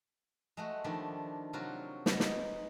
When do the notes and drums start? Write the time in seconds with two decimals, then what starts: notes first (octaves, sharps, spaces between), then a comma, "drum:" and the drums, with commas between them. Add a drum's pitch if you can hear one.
0.57 G#3 A3 F#4
0.84 D#3 F3 G3 A3 D4
1.53 C3 F#3 F4 F#4 A#4
2.06 C#3 G#3 B3, drum: snare
2.20 D#4, drum: snare